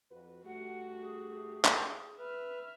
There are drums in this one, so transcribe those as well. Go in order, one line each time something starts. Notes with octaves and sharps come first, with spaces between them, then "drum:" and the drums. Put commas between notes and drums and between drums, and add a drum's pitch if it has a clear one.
F2 F#4 B4
G2 A3 F#4 G4 F#5
G#4
drum: clap
B4 E5 F6